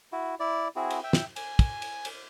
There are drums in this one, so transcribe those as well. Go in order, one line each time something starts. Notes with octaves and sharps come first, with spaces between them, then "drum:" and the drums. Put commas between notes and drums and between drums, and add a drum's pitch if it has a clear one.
E4 F#4
E4 D5
C4 E4 F#4 G#4
drum: cymbal
E5 G5
drum: snare
G#5, drum: cymbal
drum: kick, cymbal
drum: cymbal
drum: cymbal